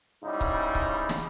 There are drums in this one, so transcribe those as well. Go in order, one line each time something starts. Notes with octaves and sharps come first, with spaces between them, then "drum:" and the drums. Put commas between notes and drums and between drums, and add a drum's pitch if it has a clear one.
G#2 C#3 G3 D#4 E4
drum: kick C#1
drum: kick C#1
drum: snare